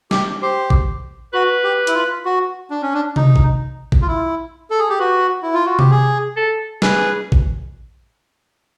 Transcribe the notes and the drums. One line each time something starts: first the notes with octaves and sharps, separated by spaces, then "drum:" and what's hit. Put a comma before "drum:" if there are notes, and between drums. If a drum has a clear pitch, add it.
G4, drum: snare
G4 C5
drum: kick
F#4 B4
G4
E4, drum: hi-hat
F4
F#4
D4
C#4
D4
D#4, drum: tom C3
drum: kick
drum: kick
F4
E4
A4
G#4
G4
F#4 B4
E4
F4
F#4
G4, drum: tom C3
G#4
A4
G#4 B4, drum: snare
drum: kick